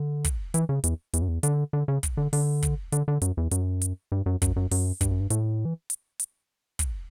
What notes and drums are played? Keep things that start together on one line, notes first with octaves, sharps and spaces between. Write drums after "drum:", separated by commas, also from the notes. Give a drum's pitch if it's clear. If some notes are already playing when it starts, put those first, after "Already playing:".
Already playing: D3
drum: kick, hi-hat
E3, drum: hi-hat
C#3
E2, drum: hi-hat
E2, drum: hi-hat
F#2
E2
D3, drum: hi-hat
D3
C#3
drum: kick, hi-hat
D3
D3, drum: open hi-hat
drum: kick, hi-hat
D3, drum: hi-hat
D3
F#2, drum: hi-hat
E2
F#2, drum: hi-hat
drum: hi-hat
G2
F#2
F#2, drum: kick, hi-hat
F#2
F#2, drum: open hi-hat
G2, drum: kick, hi-hat
F#2
G2
A2, drum: hi-hat
E3
drum: hi-hat
drum: hi-hat
drum: kick, hi-hat